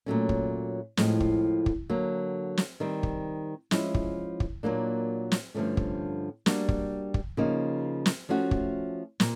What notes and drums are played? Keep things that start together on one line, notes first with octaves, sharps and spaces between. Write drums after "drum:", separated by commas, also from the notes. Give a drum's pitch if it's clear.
A#2 F#3 A3 C#4
drum: kick
A2 F3 G#3 C4, drum: snare
drum: kick
drum: kick
D3 F#3 A#3
drum: snare
D#3 G3 C4
drum: kick
F3 G#3 C#4 E4, drum: snare
drum: kick
drum: kick
A#2 F#3 A#3 D4
drum: snare
G2 D3 F3 A3 C#4
drum: kick
G3 A#3 D4 F#4, drum: snare
drum: kick
drum: kick
C#3 F3 A#3 D#4
drum: snare
F3 A3 C#4 F#4
drum: kick
A#2, drum: snare